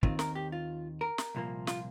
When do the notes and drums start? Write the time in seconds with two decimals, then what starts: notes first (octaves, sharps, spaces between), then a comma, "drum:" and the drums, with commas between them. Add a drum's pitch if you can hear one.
0.03 D#2 D#3 C4 F4, drum: kick
0.19 A#4, drum: snare
0.35 G4
0.52 F4
1.01 A#4
1.18 drum: snare
1.35 C2 A#2 F3 A#3
1.67 F4, drum: snare